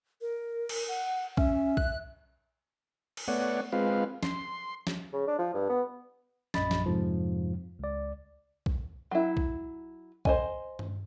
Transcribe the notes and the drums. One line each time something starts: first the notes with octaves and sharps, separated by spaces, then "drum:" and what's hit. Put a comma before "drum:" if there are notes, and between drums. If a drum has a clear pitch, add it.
A#4
drum: cymbal
F#5
C#4 E5, drum: kick B1
F#6, drum: kick B1
drum: cymbal
A3 B3 C#5 D5 F#5
G#3 C4 F4 B4 F5
C6, drum: snare
drum: snare
C#3
D4
F3
G2
B3
A#1 F#2 D#5 B5 A6, drum: snare
drum: snare
F2 G#2 C3 F3
C#2 D5
drum: kick B1
F#3 E4
drum: kick B1
C5 D#5 G#5, drum: kick B1
drum: tom G2